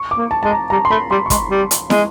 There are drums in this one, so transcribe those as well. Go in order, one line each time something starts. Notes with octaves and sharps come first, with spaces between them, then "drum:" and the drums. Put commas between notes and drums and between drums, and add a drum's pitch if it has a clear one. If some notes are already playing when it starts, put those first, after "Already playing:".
Already playing: C#6
D6
A#3
A5
G#3 A5
A#5
G3 A#5
C6
A3 B5
G3 C6
C#6
G#3 C6, drum: kick, hi-hat
G3
drum: hi-hat
G#3, drum: snare